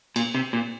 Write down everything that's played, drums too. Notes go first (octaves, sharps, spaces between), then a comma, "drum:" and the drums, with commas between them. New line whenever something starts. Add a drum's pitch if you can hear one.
A#2, drum: cymbal
C3
A#2